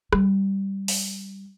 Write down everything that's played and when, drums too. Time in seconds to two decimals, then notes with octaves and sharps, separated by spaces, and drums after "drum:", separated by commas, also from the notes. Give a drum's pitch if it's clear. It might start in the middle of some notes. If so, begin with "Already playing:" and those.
0.13 G3, drum: rim click
0.88 drum: open hi-hat